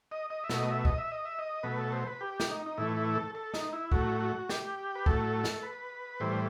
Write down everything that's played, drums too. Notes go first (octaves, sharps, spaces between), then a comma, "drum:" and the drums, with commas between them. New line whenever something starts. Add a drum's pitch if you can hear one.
D#5
D#5
E5
B2 F#3 A3, drum: snare
D#5
E5
D#5, drum: kick
E5
D#5
E5
D#5
B2 F#3 A3 B4
A4
C5
B4
G4
drum: snare
D#4
D#4
A2 E3 A3 E4
E4
A4
A4
D#4, drum: snare
E4
A2 F#3 A3 F#4, drum: kick
F#4
G4, drum: snare
B4
A2 F#3 A3 A4, drum: kick
drum: snare
B4
A2 E3 G3 C5